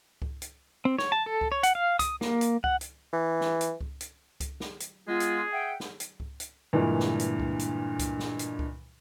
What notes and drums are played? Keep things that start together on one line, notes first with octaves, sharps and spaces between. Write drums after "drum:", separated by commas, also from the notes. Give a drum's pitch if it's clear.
drum: kick C#2
drum: hi-hat
C4
C#5, drum: snare
A5
A4
drum: kick C#2
C#5
F#5, drum: hi-hat
F5
D#6, drum: kick C#2, hi-hat
A#3, drum: snare
drum: hi-hat
F#5, drum: kick C#2
drum: hi-hat
E3
drum: snare
drum: hi-hat
drum: kick C#2
drum: hi-hat
drum: kick C#2, hi-hat
drum: snare
drum: hi-hat
G#3 B3 F4 G#4
drum: hi-hat
E5 F#5 G5
drum: snare
drum: hi-hat
drum: kick C#2
drum: hi-hat
G2 A#2 D3 E3 G#3 D4
drum: snare
drum: hi-hat
drum: kick C#2
drum: hi-hat
drum: kick C#2, hi-hat
drum: snare
drum: hi-hat
drum: kick C#2